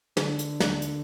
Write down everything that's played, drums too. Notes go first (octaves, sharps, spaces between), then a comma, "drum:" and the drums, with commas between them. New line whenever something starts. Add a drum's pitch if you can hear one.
D3, drum: snare
drum: hi-hat
drum: snare
drum: hi-hat